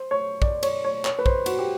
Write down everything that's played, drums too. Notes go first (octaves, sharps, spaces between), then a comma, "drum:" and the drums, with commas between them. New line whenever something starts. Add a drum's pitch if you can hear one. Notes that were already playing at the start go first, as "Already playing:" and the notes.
Already playing: C5
C#5
D5, drum: kick
C#5, drum: cymbal
C#5
C#5, drum: clap
B4
C5, drum: kick
F#4, drum: cymbal
G4